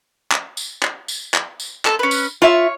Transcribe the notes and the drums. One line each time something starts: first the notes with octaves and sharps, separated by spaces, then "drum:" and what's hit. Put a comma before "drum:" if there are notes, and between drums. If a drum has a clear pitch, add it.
drum: clap
drum: tambourine
drum: clap
drum: tambourine
drum: clap
drum: tambourine
A4 A5, drum: clap
C#4 B4
drum: tambourine
F4 C#5 E5